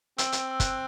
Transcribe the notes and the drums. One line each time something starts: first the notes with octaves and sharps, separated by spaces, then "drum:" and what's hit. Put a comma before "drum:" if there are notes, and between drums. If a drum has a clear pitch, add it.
C4 E6, drum: hi-hat
drum: hi-hat
E6
F#6, drum: kick, hi-hat